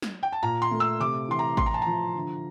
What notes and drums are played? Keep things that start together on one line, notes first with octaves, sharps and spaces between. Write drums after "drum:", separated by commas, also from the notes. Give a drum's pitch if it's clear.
drum: snare
G5
A5
A#2 A#5
C6
A3
E6
C3 D6
E3 C6
A#5
A2 C6, drum: kick G#1
A#5
A5
F3 A#5
D3